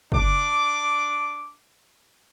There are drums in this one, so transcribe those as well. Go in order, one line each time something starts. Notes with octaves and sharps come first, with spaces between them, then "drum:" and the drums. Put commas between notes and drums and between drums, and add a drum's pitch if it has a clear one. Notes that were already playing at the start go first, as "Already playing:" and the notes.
D4 D6, drum: kick